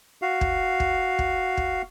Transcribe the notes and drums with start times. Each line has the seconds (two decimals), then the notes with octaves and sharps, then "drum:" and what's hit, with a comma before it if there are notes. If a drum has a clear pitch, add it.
0.22 F#4 F5
0.41 drum: kick
0.80 drum: kick
1.19 drum: kick
1.57 drum: kick